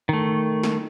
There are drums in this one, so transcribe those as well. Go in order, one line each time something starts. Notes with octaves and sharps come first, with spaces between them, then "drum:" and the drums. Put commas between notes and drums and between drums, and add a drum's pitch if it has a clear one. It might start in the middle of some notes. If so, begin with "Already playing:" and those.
D#3 A3
drum: snare